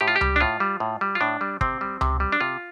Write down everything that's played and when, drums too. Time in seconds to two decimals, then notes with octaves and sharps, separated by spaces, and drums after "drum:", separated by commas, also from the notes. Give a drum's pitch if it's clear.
0.01 A2 G4
0.08 F4
0.16 G4
0.21 G3, drum: tom C#2
0.36 D4
0.40 A2 F4
0.60 G3
0.80 A2
1.01 G3
1.15 F4
1.21 A2 D4
1.41 G3
1.61 C3 C4, drum: kick
1.81 G3
2.01 C3, drum: tom C#2
2.20 G3
2.32 D4
2.41 C3 F4